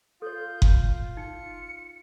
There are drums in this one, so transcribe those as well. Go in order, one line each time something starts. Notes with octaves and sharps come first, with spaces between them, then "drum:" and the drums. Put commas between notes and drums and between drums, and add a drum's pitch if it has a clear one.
F4 A4 C#5 G6
drum: kick F#1
D#4 C#7